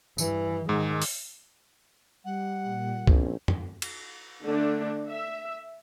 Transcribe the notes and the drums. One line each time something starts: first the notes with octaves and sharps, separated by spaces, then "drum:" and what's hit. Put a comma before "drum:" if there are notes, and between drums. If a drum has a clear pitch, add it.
G2 E3, drum: tambourine
G#2 D#3 G#3
drum: open hi-hat
G3 F#5
A#2
A#1 C4 C#4, drum: kick
drum: tom
drum: cymbal
D3 A3 D4
E5